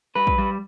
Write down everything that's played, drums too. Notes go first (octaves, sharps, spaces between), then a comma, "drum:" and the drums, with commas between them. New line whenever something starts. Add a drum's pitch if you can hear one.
G3 B4
drum: kick
G3